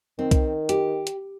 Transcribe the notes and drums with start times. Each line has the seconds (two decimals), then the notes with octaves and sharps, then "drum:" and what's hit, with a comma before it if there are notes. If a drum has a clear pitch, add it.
0.19 D#3 C4
0.31 drum: kick B1, hi-hat
0.69 G4, drum: hi-hat
1.07 drum: hi-hat